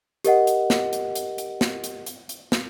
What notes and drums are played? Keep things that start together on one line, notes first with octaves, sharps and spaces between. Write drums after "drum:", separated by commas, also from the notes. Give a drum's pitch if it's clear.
G4 A#4 D#5 F#5, drum: hi-hat
drum: hi-hat
drum: snare
drum: hi-hat
drum: hi-hat
drum: hi-hat
drum: snare
drum: hi-hat
drum: hi-hat
drum: hi-hat
drum: snare